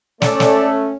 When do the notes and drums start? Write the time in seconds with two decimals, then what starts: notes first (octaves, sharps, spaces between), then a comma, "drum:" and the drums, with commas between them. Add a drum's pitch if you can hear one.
0.22 A3 C#4 A4 D5, drum: snare
0.40 drum: snare